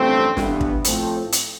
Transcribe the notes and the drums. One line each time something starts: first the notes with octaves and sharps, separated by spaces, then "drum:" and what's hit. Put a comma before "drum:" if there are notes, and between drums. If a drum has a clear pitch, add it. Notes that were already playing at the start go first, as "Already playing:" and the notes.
Already playing: A1 G2 D3 F3 A3 C4
G2 E3 B3, drum: snare
drum: kick
A2 F3 A3 C4, drum: hi-hat
drum: hi-hat